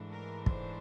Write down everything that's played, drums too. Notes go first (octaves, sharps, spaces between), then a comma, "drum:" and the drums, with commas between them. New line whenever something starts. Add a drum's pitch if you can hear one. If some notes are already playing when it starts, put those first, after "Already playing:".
Already playing: G#2 E3 A3 D4
A#4
C5, drum: kick